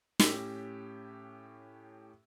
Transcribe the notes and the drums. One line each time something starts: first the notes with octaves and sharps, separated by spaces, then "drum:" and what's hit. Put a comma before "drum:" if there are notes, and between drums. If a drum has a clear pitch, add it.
A2 C#4 G4 E6 B6, drum: snare